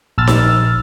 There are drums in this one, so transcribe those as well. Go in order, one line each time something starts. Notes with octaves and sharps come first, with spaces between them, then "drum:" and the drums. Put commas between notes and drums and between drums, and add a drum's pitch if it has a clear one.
A#1 E6 F6 A6
drum: snare D#4